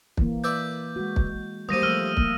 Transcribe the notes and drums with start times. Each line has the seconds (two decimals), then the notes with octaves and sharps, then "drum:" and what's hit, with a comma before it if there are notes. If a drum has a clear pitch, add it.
0.17 E3 A#3, drum: kick
0.44 B4 D5 E5 G6
0.96 G#3 F#4
1.16 drum: kick
1.69 D#2 C3 G3 A#3 D#6 A#6 D#7
1.82 F3 A3 E6 F6 D#7
2.17 A#3, drum: kick